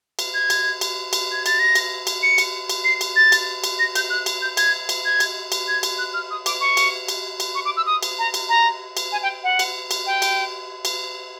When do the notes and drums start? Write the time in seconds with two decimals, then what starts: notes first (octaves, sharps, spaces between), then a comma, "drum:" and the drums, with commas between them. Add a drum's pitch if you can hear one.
0.19 drum: cymbal
0.34 G#6
0.50 drum: cymbal
0.81 drum: cymbal
1.13 drum: cymbal
1.32 G#6
1.46 A6, drum: cymbal
1.59 A#6
1.75 drum: cymbal
2.07 drum: cymbal
2.23 C#7
2.38 drum: cymbal
2.69 drum: cymbal
2.85 C7
3.01 drum: cymbal
3.16 A6
3.32 drum: cymbal
3.64 drum: cymbal
3.79 A#6
3.95 G6, drum: cymbal
4.10 F#6
4.26 drum: cymbal
4.42 G6
4.57 G#6, drum: cymbal
4.89 drum: cymbal
5.05 G#6
5.20 drum: cymbal
5.52 drum: cymbal
5.68 G#6
5.83 drum: cymbal
5.99 F#6
6.14 F6
6.31 D#6
6.46 D6, drum: cymbal
6.61 C#6
6.77 drum: cymbal
7.08 drum: cymbal
7.40 drum: cymbal
7.55 C#6
7.65 D6
7.77 E6
7.86 D#6
8.03 drum: cymbal
8.19 A#5
8.34 drum: cymbal
8.49 A#5
8.97 drum: cymbal
9.12 G#5
9.23 G5
9.44 F#5
9.59 drum: cymbal
9.91 drum: cymbal
10.06 G5
10.22 drum: cymbal
10.85 drum: cymbal